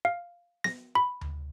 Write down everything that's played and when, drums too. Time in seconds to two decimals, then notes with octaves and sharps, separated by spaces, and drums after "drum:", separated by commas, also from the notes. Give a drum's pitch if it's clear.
0.05 F5
0.64 A#6, drum: snare B3
0.95 B5
1.21 drum: tom D2